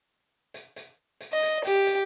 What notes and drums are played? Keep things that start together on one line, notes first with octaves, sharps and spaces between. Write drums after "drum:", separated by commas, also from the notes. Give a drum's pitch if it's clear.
drum: hi-hat
drum: hi-hat
drum: hi-hat
D#5
drum: hi-hat
G4, drum: hi-hat
drum: hi-hat